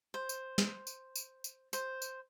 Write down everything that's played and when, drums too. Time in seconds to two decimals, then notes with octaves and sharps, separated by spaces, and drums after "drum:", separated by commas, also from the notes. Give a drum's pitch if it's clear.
0.14 C5
0.29 drum: tambourine
0.58 drum: snare
0.87 drum: tambourine
1.15 drum: tambourine
1.44 drum: tambourine
1.73 C5, drum: tambourine
2.02 drum: tambourine